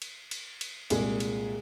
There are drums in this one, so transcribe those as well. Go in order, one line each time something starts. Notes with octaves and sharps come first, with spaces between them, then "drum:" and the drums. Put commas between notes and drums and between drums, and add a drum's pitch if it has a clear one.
drum: cymbal
drum: cymbal
drum: cymbal
C2 A#2 G#3 G#4, drum: cymbal
drum: cymbal